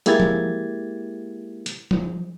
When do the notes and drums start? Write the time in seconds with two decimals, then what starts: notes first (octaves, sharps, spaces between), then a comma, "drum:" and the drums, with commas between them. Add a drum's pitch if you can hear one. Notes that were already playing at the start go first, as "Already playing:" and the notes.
0.06 G#3 A#3 E4 G4 G#6 A6, drum: hi-hat
0.20 drum: tom F3
1.66 drum: hi-hat
1.91 drum: tom F3